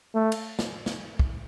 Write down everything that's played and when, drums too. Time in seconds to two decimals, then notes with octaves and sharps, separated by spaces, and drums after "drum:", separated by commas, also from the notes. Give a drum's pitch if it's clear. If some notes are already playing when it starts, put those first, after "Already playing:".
0.15 A3
0.32 drum: cymbal
0.59 drum: snare
0.86 drum: snare
1.19 drum: kick